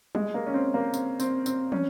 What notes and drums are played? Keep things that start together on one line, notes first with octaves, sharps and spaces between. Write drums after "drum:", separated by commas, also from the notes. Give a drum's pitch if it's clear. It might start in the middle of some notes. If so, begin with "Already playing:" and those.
G#3, drum: tom G3
A#3
C#4
C4
A#3
C4, drum: tambourine
C4, drum: tambourine
C4, drum: tambourine
C#4, drum: tom